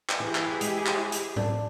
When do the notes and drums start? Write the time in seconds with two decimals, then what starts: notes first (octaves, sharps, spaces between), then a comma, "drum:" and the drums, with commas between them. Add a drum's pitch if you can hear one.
0.10 drum: clap
0.20 E3 E4 G4 G#4
0.35 drum: clap
0.61 G#3, drum: hi-hat
0.86 drum: clap
1.12 drum: hi-hat
1.36 D4, drum: tom G#2